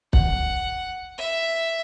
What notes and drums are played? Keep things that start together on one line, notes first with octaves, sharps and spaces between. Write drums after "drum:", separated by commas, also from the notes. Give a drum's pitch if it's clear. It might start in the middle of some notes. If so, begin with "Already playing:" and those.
F#5, drum: kick
E5